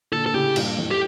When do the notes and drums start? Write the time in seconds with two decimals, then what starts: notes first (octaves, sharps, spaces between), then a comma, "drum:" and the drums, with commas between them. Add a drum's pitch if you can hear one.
0.12 A#2 D3 A4
0.26 A4
0.34 A2 C#3 G4
0.56 G2 A#2, drum: cymbal
0.78 F2 A2
0.91 G4